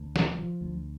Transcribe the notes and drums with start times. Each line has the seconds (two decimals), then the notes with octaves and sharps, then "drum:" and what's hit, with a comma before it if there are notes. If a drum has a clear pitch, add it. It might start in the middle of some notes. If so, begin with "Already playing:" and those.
Already playing: D2
0.16 F3, drum: snare
0.39 F3
0.61 D2